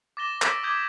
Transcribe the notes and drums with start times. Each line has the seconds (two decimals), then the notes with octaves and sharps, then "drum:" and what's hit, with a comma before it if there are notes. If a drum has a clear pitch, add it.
0.17 D6 A6 A#6 E7 G7
0.42 C#6 E6 B6 D7, drum: clap
0.63 D6 D#6 G6 G#6 F#7 G7